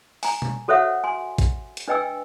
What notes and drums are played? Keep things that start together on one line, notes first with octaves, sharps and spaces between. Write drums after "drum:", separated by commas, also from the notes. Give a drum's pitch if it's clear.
G#5 A#5, drum: open hi-hat
drum: tom B2
F#4 A4 C5 C#5 E5 F#5
G#5 C6
drum: kick A1, hi-hat
drum: hi-hat
D4 B4 D#5 G5 G#5 E6